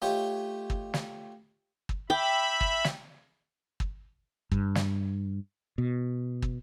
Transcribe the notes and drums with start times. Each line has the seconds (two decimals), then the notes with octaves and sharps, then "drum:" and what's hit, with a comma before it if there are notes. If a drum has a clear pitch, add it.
0.02 A3 F4 G4 C#5 D#5
0.70 drum: kick
0.94 drum: snare
1.89 drum: kick
2.10 E5 G5 B5 D6
2.61 drum: kick
2.84 drum: snare
3.80 drum: kick
4.52 G2, drum: kick
4.75 drum: snare
5.78 B2
6.42 drum: kick